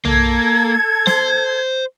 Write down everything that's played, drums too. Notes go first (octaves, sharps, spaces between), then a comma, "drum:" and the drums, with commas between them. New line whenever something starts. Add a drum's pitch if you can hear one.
A#3 A4 G#6, drum: tom
C5, drum: snare